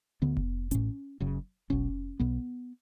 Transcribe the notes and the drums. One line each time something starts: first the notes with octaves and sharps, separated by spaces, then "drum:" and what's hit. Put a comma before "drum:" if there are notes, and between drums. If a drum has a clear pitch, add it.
D2 D3 B3
drum: kick F1
A1 A2 C#4, drum: hi-hat
F#1 F#2 C#3
B1 B2 C#4, drum: kick F1
B1 B2 B3